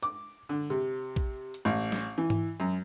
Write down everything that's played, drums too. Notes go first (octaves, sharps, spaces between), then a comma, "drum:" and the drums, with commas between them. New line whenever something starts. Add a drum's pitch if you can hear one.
D6, drum: hi-hat
D3
C3
drum: kick
drum: hi-hat
A1
drum: snare
E3
drum: tom G#2
F#2